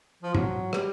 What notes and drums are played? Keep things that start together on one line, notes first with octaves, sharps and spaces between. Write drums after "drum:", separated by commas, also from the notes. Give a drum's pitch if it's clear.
F3
F#3, drum: tom G#2
G3, drum: rim click